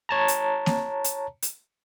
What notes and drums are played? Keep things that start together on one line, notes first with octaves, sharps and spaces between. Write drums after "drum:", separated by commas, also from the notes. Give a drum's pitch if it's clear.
C#5 A5 A#5
drum: hi-hat
drum: snare A#3
drum: hi-hat
drum: hi-hat